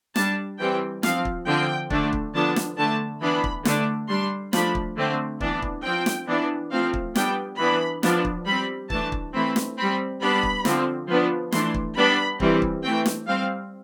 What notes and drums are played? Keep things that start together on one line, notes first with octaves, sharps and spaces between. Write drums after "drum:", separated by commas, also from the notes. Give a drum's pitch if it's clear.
G3 D4 A5, drum: snare
E3 G3 C4 G5
F3 C4 F5, drum: snare
drum: kick
D3 F3 C4 G5
D3 A3 D4, drum: kick
drum: kick
D3 F3 B3 D4 A5
drum: snare
D3 A3 D4 A5
E3 B3 D4 B5
drum: kick
D3 A3 D4, drum: snare
G3 D4 C6
F3 A3 D4 B5, drum: snare
drum: kick
D3 A3 C4
E3 B3 D4, drum: kick
drum: kick
F3 C4 G5
drum: snare
E3 B3 D4
F3 A3 C4 F5
drum: kick
G3 B3 D4 G5, drum: snare
E3 B3 D4 B5
F3 B3 D4, drum: snare
drum: kick
G3 C4 B5
E3 A3 D4 A5, drum: kick
drum: kick
E3 A3 C4 B5
drum: snare
G3 C4 B5
G3 B3 D4 B5
drum: kick
D3 F3 C4, drum: snare
F3 B3 D4
E3 A3 D4 C6, drum: snare
drum: kick
G3 B3 D4 B5
E3 G3 C4, drum: kick
drum: kick
E3 A3 C4 G5
drum: snare
G3 C4 F5